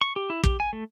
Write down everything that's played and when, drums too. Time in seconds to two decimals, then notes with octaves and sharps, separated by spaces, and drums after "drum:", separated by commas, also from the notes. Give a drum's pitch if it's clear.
0.01 C#6
0.16 G4
0.30 E4
0.44 G4, drum: kick
0.60 G#5
0.73 A3